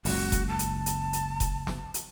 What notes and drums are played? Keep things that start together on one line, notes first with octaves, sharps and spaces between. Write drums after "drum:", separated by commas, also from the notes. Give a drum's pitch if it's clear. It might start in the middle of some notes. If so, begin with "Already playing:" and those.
F#1 C#2 F#4, drum: open hi-hat
drum: kick F1, hi-hat
A5
drum: hi-hat
drum: hi-hat
drum: hi-hat
drum: kick F1, hi-hat
drum: snare
drum: hi-hat